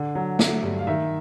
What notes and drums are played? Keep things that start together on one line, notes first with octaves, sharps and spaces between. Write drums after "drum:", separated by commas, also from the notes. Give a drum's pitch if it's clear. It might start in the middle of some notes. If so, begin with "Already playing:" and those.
Already playing: D3
F#3
A3, drum: snare
G2
F5
D#3 E5